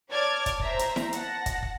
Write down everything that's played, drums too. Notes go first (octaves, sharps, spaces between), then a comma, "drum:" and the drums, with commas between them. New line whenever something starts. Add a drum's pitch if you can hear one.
C#5 D5 A5 D6 F6 G#6
drum: kick, hi-hat
C5 E5 A#5, drum: kick
drum: hi-hat
drum: snare E4
F#5 A5 A#6, drum: hi-hat
drum: kick, hi-hat
drum: kick